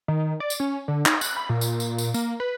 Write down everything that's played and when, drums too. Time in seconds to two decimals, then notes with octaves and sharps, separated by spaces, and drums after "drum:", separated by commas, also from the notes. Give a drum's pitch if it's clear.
0.08 D#3
0.40 D5
0.50 drum: tambourine
0.60 C#4
0.88 D3
1.06 D#4, drum: clap
1.21 F#6, drum: tambourine
1.37 B5
1.49 A#2
1.61 drum: tambourine
1.80 drum: tambourine
1.98 drum: tambourine
2.14 A#3, drum: tambourine
2.40 B4